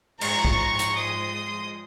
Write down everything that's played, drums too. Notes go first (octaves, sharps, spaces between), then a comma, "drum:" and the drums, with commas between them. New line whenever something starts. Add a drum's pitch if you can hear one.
G#2 F3 G#3 A#5 C#6, drum: cymbal
drum: kick
drum: hi-hat
C6 D#6